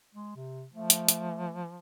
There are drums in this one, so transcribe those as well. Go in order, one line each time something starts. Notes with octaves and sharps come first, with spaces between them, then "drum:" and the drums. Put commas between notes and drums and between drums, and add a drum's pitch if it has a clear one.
G#3
C3
F3 A3
drum: hi-hat
drum: hi-hat